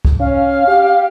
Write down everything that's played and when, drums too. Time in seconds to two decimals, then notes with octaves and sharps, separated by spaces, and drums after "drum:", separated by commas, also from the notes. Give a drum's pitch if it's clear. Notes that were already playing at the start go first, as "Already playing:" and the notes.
0.05 drum: kick C2
0.20 C#4 F5
0.67 G4